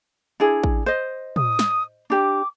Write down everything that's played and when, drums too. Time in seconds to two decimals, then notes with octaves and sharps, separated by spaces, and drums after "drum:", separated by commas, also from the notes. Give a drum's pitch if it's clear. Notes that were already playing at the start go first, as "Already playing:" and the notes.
0.40 D4 E4 G#4
0.64 drum: kick A1
0.86 C5 D#5
1.36 D#6, drum: tom
1.59 drum: snare
2.10 D4 G4 D6